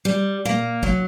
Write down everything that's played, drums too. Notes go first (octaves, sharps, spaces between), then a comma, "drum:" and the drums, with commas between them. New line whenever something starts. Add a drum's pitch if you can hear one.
G3
A#3, drum: tom A#2
F#3, drum: kick